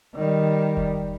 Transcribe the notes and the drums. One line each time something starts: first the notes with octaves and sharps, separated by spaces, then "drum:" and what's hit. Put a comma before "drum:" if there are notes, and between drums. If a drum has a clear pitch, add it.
D#3 G3
drum: kick F1